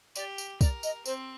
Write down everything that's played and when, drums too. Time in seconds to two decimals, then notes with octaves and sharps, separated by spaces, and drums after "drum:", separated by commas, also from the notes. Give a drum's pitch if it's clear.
0.16 G4 D5, drum: tambourine
0.38 drum: tambourine
0.61 A#4 D5, drum: kick, tambourine
0.83 D#5, drum: tambourine
1.06 C4 C5, drum: tambourine